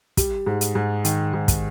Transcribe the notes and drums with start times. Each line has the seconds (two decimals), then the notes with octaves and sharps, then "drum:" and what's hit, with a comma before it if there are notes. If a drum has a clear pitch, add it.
0.17 G3, drum: kick, hi-hat
0.46 G#2
0.61 drum: hi-hat
0.75 G#2
1.05 D#3, drum: hi-hat
1.33 G#2
1.48 drum: kick, hi-hat